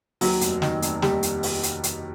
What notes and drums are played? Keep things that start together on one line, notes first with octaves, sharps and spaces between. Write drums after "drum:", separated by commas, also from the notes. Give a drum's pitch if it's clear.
D#2 F#3, drum: open hi-hat
F1, drum: hi-hat
D#3, drum: snare
F1, drum: hi-hat
D#2 G3, drum: snare
drum: hi-hat
drum: open hi-hat
drum: hi-hat
drum: hi-hat